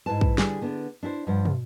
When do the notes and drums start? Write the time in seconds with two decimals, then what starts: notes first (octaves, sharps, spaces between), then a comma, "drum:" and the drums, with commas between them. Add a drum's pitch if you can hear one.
0.06 G#2 E4 B4 A5
0.21 drum: kick
0.38 D3 G3 G#4, drum: snare
0.61 D3 B3 D4
1.03 D4 E4 G#4 C5
1.27 G2 F3 F#5
1.45 drum: tom